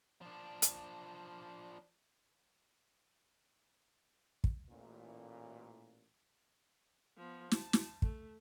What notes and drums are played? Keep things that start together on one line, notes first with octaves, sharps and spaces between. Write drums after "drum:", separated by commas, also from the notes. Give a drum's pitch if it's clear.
F3 D4
drum: hi-hat
drum: kick
A1 A#2
F3 B3
A5, drum: snare
drum: snare
A3, drum: kick